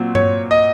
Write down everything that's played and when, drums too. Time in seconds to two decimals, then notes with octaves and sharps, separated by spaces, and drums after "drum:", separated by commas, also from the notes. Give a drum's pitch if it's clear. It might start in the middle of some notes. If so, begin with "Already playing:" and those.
Already playing: A#2 F#3 C4
0.15 C#5, drum: tom G2
0.51 D#5